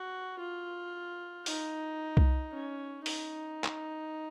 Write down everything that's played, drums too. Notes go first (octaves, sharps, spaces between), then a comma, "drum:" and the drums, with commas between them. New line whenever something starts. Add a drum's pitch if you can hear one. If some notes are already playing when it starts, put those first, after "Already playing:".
Already playing: F#4
F4
D#4, drum: open hi-hat
drum: kick C2
C#4
D#4, drum: open hi-hat
drum: clap